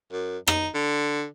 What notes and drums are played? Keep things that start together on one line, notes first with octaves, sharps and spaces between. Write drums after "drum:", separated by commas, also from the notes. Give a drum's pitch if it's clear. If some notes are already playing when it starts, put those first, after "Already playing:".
F#2
D#4, drum: rim click
D3